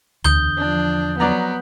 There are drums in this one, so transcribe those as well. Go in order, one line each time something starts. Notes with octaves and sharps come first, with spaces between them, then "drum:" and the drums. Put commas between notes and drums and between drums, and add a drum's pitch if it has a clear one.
E2 D3 D#6 G6 G7, drum: tom D2
F3 D4
F#3 B3 D5 A#5